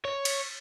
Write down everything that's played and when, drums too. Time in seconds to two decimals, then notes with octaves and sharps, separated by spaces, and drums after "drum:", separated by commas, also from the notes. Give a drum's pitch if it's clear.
0.05 C#5
0.25 drum: cymbal